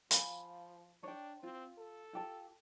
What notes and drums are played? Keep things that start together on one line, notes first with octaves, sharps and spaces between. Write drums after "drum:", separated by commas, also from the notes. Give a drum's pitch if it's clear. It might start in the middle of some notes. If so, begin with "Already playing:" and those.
F3 F5 G#5 B5, drum: hi-hat
D4 C#5 G5
C4 F4
A4
F4 G4 A5